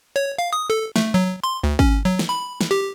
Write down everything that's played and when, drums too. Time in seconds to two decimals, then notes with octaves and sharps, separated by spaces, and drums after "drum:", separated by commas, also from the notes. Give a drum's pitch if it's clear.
0.16 C#5
0.38 F5
0.53 D#6
0.70 A4
0.96 A3, drum: snare
1.14 F#3
1.44 C6
1.64 D2
1.79 C#4, drum: kick
2.05 F#3
2.19 drum: snare
2.29 B5
2.61 drum: snare
2.71 G4